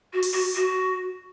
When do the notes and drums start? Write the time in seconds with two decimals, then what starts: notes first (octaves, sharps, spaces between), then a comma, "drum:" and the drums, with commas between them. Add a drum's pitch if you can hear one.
0.13 F#4
0.22 drum: open hi-hat
0.33 F#4
0.55 F#4